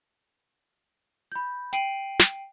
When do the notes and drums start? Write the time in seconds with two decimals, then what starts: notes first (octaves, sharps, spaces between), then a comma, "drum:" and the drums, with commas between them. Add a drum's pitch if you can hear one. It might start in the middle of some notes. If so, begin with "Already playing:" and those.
1.32 B5 G6
1.73 G5 C7 D7 D#7 F#7, drum: hi-hat
2.20 drum: snare